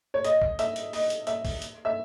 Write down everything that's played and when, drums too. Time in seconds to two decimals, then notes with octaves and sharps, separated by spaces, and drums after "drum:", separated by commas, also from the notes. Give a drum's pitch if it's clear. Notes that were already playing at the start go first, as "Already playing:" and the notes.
0.14 C#5
0.24 D#5, drum: hi-hat
0.42 drum: kick
0.59 E5, drum: hi-hat
0.76 drum: hi-hat
0.93 D#5, drum: open hi-hat
1.10 drum: hi-hat
1.27 E5, drum: hi-hat
1.45 drum: kick, open hi-hat
1.62 drum: hi-hat
1.85 E5